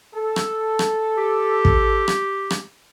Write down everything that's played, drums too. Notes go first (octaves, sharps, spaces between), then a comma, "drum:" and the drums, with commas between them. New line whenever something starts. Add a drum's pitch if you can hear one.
A4
drum: rim click
drum: rim click
G4
drum: kick
drum: rim click
drum: rim click